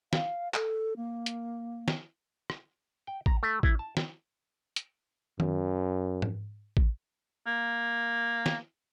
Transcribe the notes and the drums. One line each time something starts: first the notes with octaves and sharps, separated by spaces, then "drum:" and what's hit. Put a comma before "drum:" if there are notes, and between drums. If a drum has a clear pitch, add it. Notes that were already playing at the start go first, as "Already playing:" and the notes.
F5, drum: snare
A4, drum: clap
A#3
drum: hi-hat
drum: snare
drum: rim click
G5
A#5, drum: kick A1
A3
E4, drum: kick A1
A5
drum: snare
drum: hi-hat
F#2, drum: tom D#3
drum: tom G#2
drum: kick A1
A#3
drum: snare